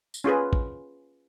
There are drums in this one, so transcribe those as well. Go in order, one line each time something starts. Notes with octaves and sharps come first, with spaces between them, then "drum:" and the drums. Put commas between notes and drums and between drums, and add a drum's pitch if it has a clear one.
drum: tambourine
C#4 F4 G#4 B4
drum: kick